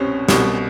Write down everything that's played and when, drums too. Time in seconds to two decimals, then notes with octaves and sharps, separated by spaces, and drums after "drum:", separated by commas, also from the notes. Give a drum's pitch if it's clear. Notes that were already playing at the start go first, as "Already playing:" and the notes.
Already playing: C2 B2 G3 C4 C#4
0.28 C2 B2 G3, drum: snare